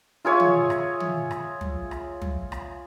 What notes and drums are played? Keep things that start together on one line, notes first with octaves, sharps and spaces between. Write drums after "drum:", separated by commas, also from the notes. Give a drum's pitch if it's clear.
F4 G#4 C#5 E5
drum: tom
drum: rim click
drum: tom
drum: rim click
drum: tom
drum: rim click
drum: tom
drum: rim click